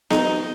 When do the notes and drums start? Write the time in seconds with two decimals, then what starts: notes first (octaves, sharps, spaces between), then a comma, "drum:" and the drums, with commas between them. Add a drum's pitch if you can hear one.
0.10 D#4, drum: snare B3